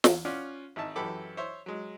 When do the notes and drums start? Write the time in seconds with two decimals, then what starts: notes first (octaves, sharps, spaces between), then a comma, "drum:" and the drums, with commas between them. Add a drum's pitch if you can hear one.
0.04 E2, drum: snare
0.25 C#4 F4 D5 F#5
0.76 G#1 D#4 E5 A5
0.96 F#2 E3 G4 A4 B5 D6
1.37 C5 C#5 E5
1.66 F#3 G#3